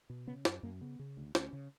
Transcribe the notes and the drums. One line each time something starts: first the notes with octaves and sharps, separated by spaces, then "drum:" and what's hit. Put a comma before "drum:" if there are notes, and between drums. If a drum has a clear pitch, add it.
B2
C#3 B3
F#2, drum: snare
F#2 A#3
C#3 B3
C#3
D2
D2 C#4, drum: snare
C#3